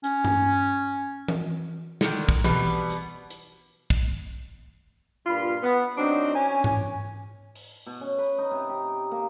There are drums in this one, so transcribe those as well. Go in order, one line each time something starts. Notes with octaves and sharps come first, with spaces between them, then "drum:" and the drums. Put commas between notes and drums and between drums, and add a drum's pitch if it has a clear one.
C#4, drum: hi-hat
drum: tom G2
drum: tom E3
D3 D#3, drum: snare
drum: kick
B2 G3 B3, drum: tom E3
drum: hi-hat
drum: hi-hat
drum: kick
G2 A#2 F4 B5
B3
F#3 C4 D4 D#4
C#4 G#5
drum: tom G#2
drum: open hi-hat
B2
C#4
B4
D#4
C3
G4
A#3